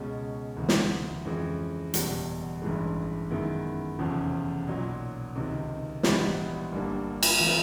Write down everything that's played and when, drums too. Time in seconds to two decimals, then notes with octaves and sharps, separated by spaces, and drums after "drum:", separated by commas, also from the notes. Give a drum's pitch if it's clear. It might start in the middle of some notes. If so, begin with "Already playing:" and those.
Already playing: C#2 B2 G#3 C#4
0.57 D2 C3 E3
0.69 drum: snare
1.25 F2 C#3 E3 G#3
1.94 F#1 E2 B2 G3, drum: hi-hat
2.62 A1 G2 E3 G#3
3.30 F#2 D#3 G#3 B3 E4
3.99 F1 E2 C#3 F3
4.67 B1 A#2 F#3
5.36 C#2 C3 D#3
6.03 A#1 G#2 E3 G3 B3, drum: snare
6.72 G1 G2 D3 G3 A#3
7.23 drum: cymbal
7.40 E3 A3 C4